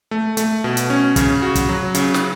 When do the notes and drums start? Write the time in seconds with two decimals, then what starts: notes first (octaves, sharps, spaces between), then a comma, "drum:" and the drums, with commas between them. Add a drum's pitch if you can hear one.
0.11 A3
0.37 A3, drum: hi-hat
0.64 B2
0.77 drum: hi-hat
0.90 C#4
1.16 C#3, drum: kick, hi-hat
1.42 F#4
1.55 drum: kick, hi-hat
1.69 F#3
1.95 C#3, drum: hi-hat
2.14 drum: snare